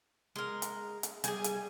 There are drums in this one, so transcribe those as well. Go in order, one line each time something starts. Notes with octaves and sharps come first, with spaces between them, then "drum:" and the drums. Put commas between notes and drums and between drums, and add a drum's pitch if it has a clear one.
G#3 A#4
drum: hi-hat
drum: hi-hat
G3 G#4 G#5, drum: hi-hat
drum: hi-hat